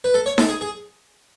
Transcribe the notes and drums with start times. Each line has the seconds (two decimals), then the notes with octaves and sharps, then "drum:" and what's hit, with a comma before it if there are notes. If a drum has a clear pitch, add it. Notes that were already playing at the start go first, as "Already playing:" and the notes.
0.04 B4
0.14 A4
0.26 C#5
0.38 A4, drum: snare D#4
0.49 G#4
0.61 G#4